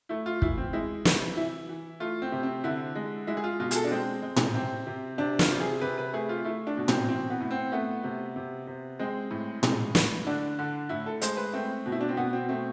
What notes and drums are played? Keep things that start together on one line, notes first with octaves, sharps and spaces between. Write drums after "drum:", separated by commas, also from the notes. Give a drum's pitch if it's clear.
A3 E4
F4
E3 E4, drum: kick
C4
G#3 E4
C3, drum: snare
E3 E4
E3
A3 F4
C4
C3
C4
D3 E4
G#3
G#3 E4
G#4
F4
B2 F4
G#4, drum: hi-hat
A4
D4
G#3 C4
G#3
drum: tom A2
C3 C4
C3
C3 D4
F4, drum: snare
C3
F4
G#4
C3 B4
B4
A3 G#4
F4
A3 E4
D4
B2
C4, drum: tom A2
E3 C4
B3
A2
C4
A3 B3
C3
C3
C3
G#3 C4
A2
G#3, drum: tom A2
A2, drum: snare
D3 D4
D3
A2 E4
A4
G#3 C5, drum: hi-hat
B4
A3 C4
B2
E4
D4
C4
B2 B3
C4
A3 C4